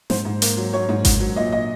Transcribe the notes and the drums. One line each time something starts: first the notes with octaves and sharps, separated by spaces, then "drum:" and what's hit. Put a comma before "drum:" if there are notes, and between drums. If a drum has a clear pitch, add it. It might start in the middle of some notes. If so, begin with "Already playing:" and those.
G#2 C5, drum: snare
G#2
A#3, drum: hi-hat
F#3
F#3 C#5
G#2
G#2, drum: kick G#1, hi-hat
F#3
A#2 D#5
A#2 D#5